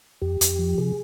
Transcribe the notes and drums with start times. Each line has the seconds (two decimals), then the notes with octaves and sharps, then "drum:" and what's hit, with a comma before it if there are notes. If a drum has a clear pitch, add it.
0.21 F2 G4
0.41 F2, drum: hi-hat
0.59 F3
0.78 C3 G#4